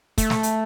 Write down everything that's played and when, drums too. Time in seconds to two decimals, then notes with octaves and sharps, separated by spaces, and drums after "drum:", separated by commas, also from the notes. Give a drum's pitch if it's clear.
0.18 A3, drum: kick, hi-hat
0.30 drum: snare
0.43 drum: hi-hat